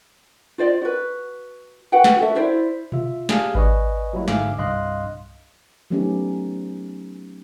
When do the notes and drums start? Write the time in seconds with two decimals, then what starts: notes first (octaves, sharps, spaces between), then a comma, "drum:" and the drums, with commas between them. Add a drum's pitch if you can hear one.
0.58 F4 C5 D5 D#5
0.81 F#4 B4
1.92 F#4 B4 F#5 G5
2.04 drum: snare
2.19 F#4 A4 E5
2.35 E4 C5 D5 E5
2.92 F4 E5, drum: tom B2
3.29 D4 G4 G#4 F5 G#5, drum: snare
3.55 B4 D5 D#5 G#5 C#6, drum: kick G#1
4.13 F#3 G3 A#3 E4 F#4
4.28 G#2 D3 E5 F5 G#5 D6, drum: snare
4.58 C2 G2 D#5 F5 C6 F#6
5.90 F#3 A3 B3 C#4 D#4 G4